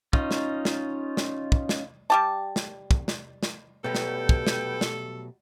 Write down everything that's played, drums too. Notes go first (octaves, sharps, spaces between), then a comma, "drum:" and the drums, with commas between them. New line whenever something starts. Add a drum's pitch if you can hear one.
C#4 D#4 F4, drum: kick
drum: snare
drum: snare
drum: snare
drum: kick
drum: snare
G3 G4 A5
drum: snare
drum: kick
drum: snare
drum: snare
B2 F#3 G3 A3 A4 B4 G5
drum: snare
drum: kick
drum: snare
drum: snare